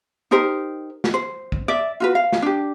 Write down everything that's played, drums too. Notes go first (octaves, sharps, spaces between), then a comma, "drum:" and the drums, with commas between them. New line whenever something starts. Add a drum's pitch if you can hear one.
D#4 G4 A#4 C5
drum: snare
C5
drum: kick
D5 E5
F4 F#4 B4
F5
drum: snare
D4 G4